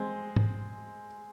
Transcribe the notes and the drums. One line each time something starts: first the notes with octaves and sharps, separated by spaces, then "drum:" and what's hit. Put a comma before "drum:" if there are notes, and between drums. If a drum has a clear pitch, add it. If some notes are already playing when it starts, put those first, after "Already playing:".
Already playing: G#3 C4
drum: tom